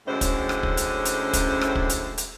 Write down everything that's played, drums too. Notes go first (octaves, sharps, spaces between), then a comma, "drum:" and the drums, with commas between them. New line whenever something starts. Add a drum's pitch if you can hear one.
F#2 A2 D3 G#3 C#4 C5
drum: kick, hi-hat
drum: rim click
drum: kick
drum: hi-hat
drum: hi-hat
drum: kick, hi-hat
drum: rim click
drum: kick
drum: hi-hat
drum: hi-hat